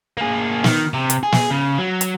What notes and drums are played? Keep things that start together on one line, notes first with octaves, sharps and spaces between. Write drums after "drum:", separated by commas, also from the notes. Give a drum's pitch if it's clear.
A#3 G#4
D#3, drum: snare
C3
drum: hi-hat
G#4
drum: snare
C#3
F#3
drum: hi-hat